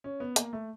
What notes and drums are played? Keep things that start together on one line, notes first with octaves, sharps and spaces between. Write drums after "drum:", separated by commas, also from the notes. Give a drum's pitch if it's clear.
C#4
B3
A#3, drum: hi-hat
A3